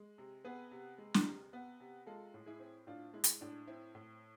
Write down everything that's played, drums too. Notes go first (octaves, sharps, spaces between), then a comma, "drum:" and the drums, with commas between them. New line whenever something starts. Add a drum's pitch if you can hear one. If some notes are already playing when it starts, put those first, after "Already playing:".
Already playing: G#3
C3
B3 G#4 B4
C3
G#3
drum: snare
C3
B3
C3
G#3 F4 A4
A2
E4 G#4
C4
A2 D4 F4
G#3 E4
drum: hi-hat
A2 D4
C4 E4
A2